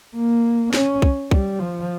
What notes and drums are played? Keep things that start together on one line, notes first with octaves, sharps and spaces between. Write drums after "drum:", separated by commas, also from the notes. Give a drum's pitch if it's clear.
A#3
C#4, drum: snare
drum: kick C2
G3, drum: kick C2
F3